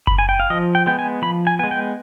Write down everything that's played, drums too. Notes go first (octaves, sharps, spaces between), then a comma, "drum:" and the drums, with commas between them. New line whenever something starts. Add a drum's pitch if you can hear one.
B5, drum: kick F#1
G#5
G5
F5
F3 D#5
G5
G#3 B3 G5
G#5
F3 B5
G#5
G#3 B3 G#5
G5